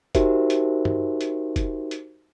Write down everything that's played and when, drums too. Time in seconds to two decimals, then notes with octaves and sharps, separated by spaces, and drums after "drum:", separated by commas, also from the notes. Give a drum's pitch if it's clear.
0.15 D#4 F#4 G4 A#4 C5 E5, drum: kick, hi-hat
0.50 drum: hi-hat
0.85 drum: tom
1.21 drum: hi-hat
1.56 drum: kick, hi-hat
1.91 drum: hi-hat